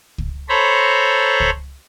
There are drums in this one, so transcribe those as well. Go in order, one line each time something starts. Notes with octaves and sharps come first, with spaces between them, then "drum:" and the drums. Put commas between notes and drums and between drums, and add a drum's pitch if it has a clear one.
drum: kick
A4 C5 C#5 A#5 B5
drum: kick